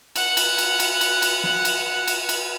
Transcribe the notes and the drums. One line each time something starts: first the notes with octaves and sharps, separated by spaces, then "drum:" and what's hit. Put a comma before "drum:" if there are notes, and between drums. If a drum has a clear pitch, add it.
F#5 F#6, drum: cymbal
drum: cymbal
drum: cymbal
drum: cymbal
drum: cymbal
drum: cymbal
drum: snare
drum: cymbal
drum: cymbal
drum: cymbal